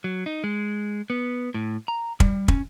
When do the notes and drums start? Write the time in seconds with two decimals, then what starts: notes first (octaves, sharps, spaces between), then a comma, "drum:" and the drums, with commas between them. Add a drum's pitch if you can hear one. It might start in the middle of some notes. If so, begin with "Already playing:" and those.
0.04 F#3
0.26 D#4
0.44 G#3
1.10 B3
1.54 A2
1.88 A#5
2.20 G3, drum: kick
2.48 C#4, drum: kick